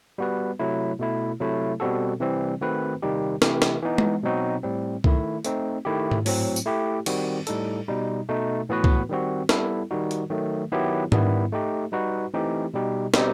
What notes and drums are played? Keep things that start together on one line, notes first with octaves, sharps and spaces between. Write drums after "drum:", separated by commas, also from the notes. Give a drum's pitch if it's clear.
G3 B3 F#4 B4
C3 F#3 A3 E4
B2 A3 E4
C3 F#3 A3 E4
B2 G3 C4 F#4 A4
C3 E3 G3 C4
D#3 A3 C4 F#4 B4
C3 D#3 G3 D#4 G4
C3 E3 A3 E4 G4, drum: snare
drum: snare
E3 B3 D#4
drum: tom G#3
B2 F#3 C4 D#4 F#4
A2 G3 C4
D#3 A3 E4, drum: kick C2
A3 C4 D#4, drum: hi-hat
D#3 A3 E4 G4
drum: tom G#2
A2 F#3 C4, drum: open hi-hat
drum: tambourine
A3 E4 G4
D#3 G3 C4 F#4, drum: cymbal
A2 G3 D#4 A4, drum: hi-hat
B2 G3 D#4
B2 A3 D#4
A2 E3 B3 F#4 B4
drum: kick C2
D#3 G3 C4 F#4
G3 B3 E4 A4, drum: snare
D#3 G3 D#4 F#4
drum: hi-hat
D#3 F#3 A3
D#3 F#3 B3 E4 G4
D#3 G3 B3 E4, drum: tom G#2
A3 D#4 G4
G3 D#4 F#4 B4
E3 A3 C4 D#4 G4
B2 G3 D#4 G4
B2 G3 C4 D#4 G4, drum: snare